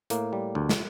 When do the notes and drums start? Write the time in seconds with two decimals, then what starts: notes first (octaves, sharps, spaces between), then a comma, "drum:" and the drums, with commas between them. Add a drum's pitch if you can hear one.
0.10 A2 A#3, drum: hi-hat
0.33 G3
0.55 D2
0.69 drum: snare